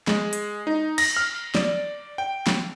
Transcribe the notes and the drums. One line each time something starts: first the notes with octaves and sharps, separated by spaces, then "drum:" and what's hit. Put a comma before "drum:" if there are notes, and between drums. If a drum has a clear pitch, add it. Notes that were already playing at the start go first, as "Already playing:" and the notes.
G#3, drum: snare
drum: hi-hat
D#4
A#6, drum: cymbal
F6
D5, drum: snare
G5
drum: snare